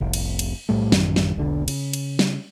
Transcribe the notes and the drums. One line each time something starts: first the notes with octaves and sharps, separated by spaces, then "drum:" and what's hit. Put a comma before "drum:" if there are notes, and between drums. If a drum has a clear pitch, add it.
F1 C2
drum: cymbal
drum: cymbal
B1 A2 G3 A3
A1 F#2 D#3 C#4, drum: snare
drum: snare
E1 B1 A2 D3
C#3, drum: cymbal
drum: cymbal
drum: snare